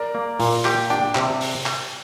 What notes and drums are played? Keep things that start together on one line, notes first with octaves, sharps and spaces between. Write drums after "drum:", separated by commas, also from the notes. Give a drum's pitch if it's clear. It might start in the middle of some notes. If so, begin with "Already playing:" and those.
Already playing: A#4 D5
A#3
A#2, drum: open hi-hat
G4, drum: clap
D4 D5 G5, drum: hi-hat
C3, drum: clap
drum: open hi-hat
drum: clap